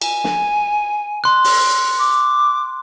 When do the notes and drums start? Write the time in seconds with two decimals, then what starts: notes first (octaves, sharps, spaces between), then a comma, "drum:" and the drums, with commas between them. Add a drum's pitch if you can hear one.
0.02 G#5, drum: cymbal
0.24 drum: snare
1.24 C6 F#6
1.44 drum: open hi-hat
1.99 D6